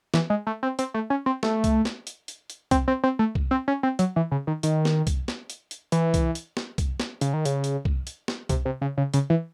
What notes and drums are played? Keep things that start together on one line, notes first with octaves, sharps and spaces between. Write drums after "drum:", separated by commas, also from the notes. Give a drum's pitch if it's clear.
E3, drum: snare
G#3
A3
C4
C4, drum: hi-hat
A3
C#4
C4
A3, drum: snare
drum: kick C2, hi-hat
drum: snare
drum: hi-hat
drum: hi-hat
drum: hi-hat
C4, drum: kick C2, hi-hat
C4
C4
A3
drum: kick C2
C4
C#4
C4
F#3, drum: hi-hat
E3
C#3
D#3
D#3, drum: hi-hat
drum: snare
drum: kick C2, hi-hat
drum: snare
drum: hi-hat
drum: hi-hat
E3, drum: hi-hat
drum: kick C2, hi-hat
drum: hi-hat
drum: snare
drum: kick C2, hi-hat
drum: snare
C#3, drum: hi-hat
D#3
C#3, drum: hi-hat
drum: hi-hat
drum: kick C2
drum: hi-hat
drum: snare
C3, drum: kick C2, hi-hat
C3
C#3
C#3
C#3, drum: hi-hat
E3